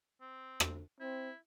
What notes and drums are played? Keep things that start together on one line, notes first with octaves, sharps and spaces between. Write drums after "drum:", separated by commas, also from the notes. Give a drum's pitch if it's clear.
C4
drum: rim click
C4 E4